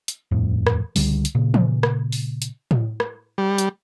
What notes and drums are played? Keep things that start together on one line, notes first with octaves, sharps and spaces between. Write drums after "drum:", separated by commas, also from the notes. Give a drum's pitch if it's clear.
drum: hi-hat
D#1 F2 A2
drum: rim click
C#2 D3 G3, drum: open hi-hat
drum: hi-hat
A#2 C#3
drum: tom E3
drum: rim click
drum: open hi-hat
drum: hi-hat
drum: tom A2
drum: rim click
G3
drum: hi-hat